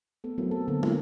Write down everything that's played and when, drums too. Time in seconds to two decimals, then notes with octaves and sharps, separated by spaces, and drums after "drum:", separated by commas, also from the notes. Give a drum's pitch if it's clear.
0.24 A3 B3 A4
0.38 F#3 B3 C4 E4 A#4
0.51 A4
0.68 D3 A#3 B3 A4
0.83 A#4, drum: tom